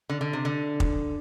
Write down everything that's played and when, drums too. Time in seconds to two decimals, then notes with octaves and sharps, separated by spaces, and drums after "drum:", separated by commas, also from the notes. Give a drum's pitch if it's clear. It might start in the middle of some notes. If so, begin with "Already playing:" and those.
0.09 D3
0.21 D3
0.33 C3
0.45 D3
0.80 drum: kick